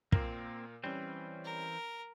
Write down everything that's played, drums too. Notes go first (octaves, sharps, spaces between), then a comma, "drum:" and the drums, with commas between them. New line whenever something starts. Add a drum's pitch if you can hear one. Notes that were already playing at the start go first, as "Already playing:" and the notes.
A#2 A#3 C4 A#4, drum: kick
E3 G3 C4 C#4
A#4